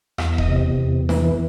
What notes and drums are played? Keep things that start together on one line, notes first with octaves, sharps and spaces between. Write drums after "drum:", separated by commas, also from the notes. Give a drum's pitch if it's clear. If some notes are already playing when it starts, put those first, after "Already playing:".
E2, drum: rim click
E5
D#5, drum: kick E1
C3
E2
E3, drum: snare